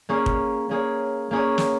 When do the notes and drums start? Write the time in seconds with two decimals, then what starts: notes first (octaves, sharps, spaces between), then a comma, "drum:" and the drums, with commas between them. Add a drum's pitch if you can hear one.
0.09 A#3 C#4 G#4 C#5
0.26 drum: kick
0.69 A#3 C#4 G#4 C#5
1.31 A#3 C#4 G#4 C#5
1.58 drum: snare